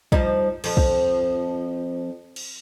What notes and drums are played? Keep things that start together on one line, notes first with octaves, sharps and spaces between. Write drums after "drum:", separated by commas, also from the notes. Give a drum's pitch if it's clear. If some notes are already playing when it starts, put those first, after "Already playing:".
F3 G3 D#4, drum: kick
F2 F3, drum: cymbal
drum: kick
drum: cymbal